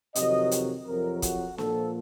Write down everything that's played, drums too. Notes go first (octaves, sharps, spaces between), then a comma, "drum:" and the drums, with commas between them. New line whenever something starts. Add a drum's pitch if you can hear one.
F2 C3 D#3 F#3 D#5, drum: hi-hat
drum: hi-hat
F2 C3 F#3 A#4
F#4, drum: kick, hi-hat
A#2 F3 A4, drum: snare